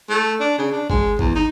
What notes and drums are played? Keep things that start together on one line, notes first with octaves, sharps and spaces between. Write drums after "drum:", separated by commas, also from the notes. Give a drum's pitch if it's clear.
A3
D4
C#3
D4
G#3, drum: kick
E2, drum: kick
D#4